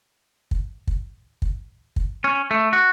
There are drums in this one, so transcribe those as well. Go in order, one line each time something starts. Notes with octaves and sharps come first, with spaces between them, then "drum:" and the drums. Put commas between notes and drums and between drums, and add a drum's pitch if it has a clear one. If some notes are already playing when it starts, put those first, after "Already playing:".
drum: kick
drum: kick
drum: kick
drum: kick
C#4
A3
F#4